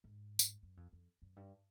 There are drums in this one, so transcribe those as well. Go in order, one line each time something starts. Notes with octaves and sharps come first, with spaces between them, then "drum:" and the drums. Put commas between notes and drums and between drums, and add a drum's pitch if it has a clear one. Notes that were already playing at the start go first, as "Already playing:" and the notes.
G#2
drum: tambourine
F#2
F2
F2
F#2
G2